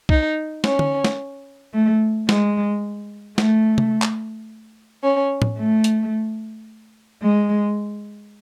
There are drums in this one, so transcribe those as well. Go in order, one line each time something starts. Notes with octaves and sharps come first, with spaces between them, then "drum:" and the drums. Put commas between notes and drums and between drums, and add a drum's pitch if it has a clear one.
D#4, drum: kick
C#4, drum: snare
drum: tom
drum: snare
A3
G#3, drum: snare
A3, drum: snare
drum: tom
drum: clap
C#4
drum: tom A2
A3
drum: hi-hat
G#3